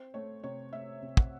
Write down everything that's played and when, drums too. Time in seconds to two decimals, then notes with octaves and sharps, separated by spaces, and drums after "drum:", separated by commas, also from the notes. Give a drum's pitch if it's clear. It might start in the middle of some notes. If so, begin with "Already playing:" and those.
Already playing: C4 C5
0.14 A3 C#5
0.44 C3 C#5
0.72 A3 E5
1.02 C3
1.17 F#5, drum: kick